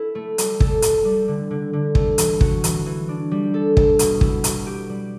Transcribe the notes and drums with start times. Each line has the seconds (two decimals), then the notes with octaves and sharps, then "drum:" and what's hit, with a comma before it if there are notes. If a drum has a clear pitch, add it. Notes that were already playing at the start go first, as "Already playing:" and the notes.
Already playing: E4 A4
0.15 A3
0.38 G3, drum: hi-hat
0.60 A4, drum: kick
0.82 A4, drum: hi-hat
1.05 G3
1.28 D3
1.51 D3
1.73 D3
1.95 A3, drum: kick
2.18 E3, drum: hi-hat
2.41 F#4, drum: kick
2.64 E3, drum: hi-hat
2.86 E3
3.09 D4
3.31 G3
3.54 A4
3.77 A4, drum: kick
3.99 B2, drum: hi-hat
4.21 E4, drum: kick
4.44 B2, drum: hi-hat
4.66 G4
4.90 G3